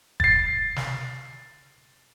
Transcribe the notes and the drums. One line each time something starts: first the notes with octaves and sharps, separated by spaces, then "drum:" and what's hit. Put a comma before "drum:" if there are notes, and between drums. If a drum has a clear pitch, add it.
A6 C7, drum: kick F#1
drum: snare